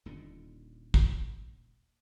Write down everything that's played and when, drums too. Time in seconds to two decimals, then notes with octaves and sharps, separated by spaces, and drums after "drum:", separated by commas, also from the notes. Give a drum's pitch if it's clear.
0.06 D#1 D#2 A#2 D3
0.94 drum: kick